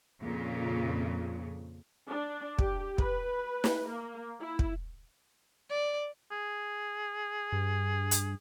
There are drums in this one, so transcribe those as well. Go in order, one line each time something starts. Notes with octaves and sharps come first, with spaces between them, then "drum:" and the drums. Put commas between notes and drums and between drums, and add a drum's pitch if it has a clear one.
F2 A#2 C#3
D4
G4, drum: kick
B4, drum: kick
drum: snare
A#3
E4
drum: kick
D5
G#4
G2
drum: hi-hat